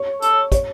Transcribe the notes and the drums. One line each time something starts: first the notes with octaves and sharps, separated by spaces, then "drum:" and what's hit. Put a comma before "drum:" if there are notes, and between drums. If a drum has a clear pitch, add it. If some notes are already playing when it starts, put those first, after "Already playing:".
Already playing: C#5
A4, drum: hi-hat
C#5, drum: kick, hi-hat